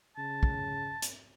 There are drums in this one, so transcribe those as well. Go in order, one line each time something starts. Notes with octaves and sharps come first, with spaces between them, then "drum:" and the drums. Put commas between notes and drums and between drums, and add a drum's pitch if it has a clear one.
C#3 A5
drum: kick
drum: hi-hat